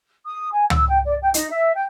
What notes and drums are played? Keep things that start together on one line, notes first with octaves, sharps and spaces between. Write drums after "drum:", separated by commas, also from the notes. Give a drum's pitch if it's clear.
D#6
G#5
E6, drum: tom
G5
D5
G5
D#4, drum: hi-hat
E5
G5